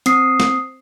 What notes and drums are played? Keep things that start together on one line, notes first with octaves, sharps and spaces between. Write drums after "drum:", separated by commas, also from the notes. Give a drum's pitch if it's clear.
C4 D#6 C7, drum: hi-hat
drum: snare